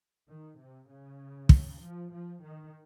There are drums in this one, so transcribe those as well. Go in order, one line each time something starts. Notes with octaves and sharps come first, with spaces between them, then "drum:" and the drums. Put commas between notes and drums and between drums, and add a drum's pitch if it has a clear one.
D#3
C3
C#3
drum: kick
F3
F3
D#3